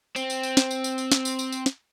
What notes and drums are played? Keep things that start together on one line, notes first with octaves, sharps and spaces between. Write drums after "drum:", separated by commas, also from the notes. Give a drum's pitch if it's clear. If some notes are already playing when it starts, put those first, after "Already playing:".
C4, drum: tambourine
drum: tambourine
drum: tambourine
drum: snare
drum: tambourine
drum: tambourine
drum: tambourine
drum: snare
drum: tambourine
drum: tambourine
drum: tambourine
drum: snare